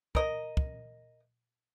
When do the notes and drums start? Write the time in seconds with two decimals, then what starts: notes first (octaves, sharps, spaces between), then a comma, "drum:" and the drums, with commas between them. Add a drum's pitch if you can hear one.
0.15 A#4 D#5, drum: kick
0.57 drum: kick